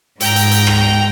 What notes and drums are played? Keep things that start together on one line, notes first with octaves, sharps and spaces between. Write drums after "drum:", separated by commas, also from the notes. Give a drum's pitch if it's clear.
G#2 G5 A#5, drum: hi-hat
drum: hi-hat
drum: hi-hat
drum: rim click